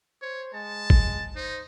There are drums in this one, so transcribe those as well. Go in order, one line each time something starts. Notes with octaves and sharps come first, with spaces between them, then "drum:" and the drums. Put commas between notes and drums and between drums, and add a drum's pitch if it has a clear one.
C5 C#5
G#3 A5
drum: kick
D#4 C5